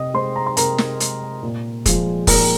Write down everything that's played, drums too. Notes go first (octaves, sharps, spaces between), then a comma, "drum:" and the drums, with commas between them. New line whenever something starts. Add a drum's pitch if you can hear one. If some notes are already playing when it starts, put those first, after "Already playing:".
Already playing: C3 D#5 D#6
G#3 C5 C6
A#5
C6
C3 A#4 A#5, drum: hi-hat
drum: snare
G#3, drum: hi-hat
A#2
F3 G#3, drum: kick, hi-hat
A#2 A#4 A#5, drum: kick, open hi-hat